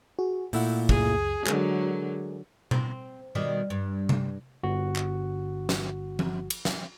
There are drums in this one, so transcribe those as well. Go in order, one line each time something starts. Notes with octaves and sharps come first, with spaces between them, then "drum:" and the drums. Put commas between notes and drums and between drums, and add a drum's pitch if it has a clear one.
F#4 G#4
A#2 A3 E4 F#5 E6 G6, drum: open hi-hat
C#2 F#2 G#4, drum: kick
D3 F#3 G#3 G#4 A#4, drum: clap
C4, drum: tom B2
B2 D#3 G3
G2
drum: tom C3
G1 F#4
drum: clap
drum: snare
drum: tom F3
drum: cymbal
drum: snare